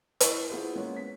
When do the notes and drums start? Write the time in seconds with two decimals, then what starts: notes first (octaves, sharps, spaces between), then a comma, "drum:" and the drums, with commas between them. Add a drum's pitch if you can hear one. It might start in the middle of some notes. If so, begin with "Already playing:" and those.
0.20 E4 C5 D#5 C#6, drum: hi-hat
0.50 B3 E4 F4 G#4 B4 C5
0.75 G#3 A#3 B3 C#4
0.96 B6